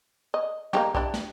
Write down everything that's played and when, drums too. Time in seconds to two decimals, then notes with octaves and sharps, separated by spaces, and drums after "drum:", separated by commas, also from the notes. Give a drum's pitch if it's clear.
0.34 D#5
0.73 A#3 D#4 G4, drum: tom
0.95 D4 E4 G4, drum: kick
1.14 drum: snare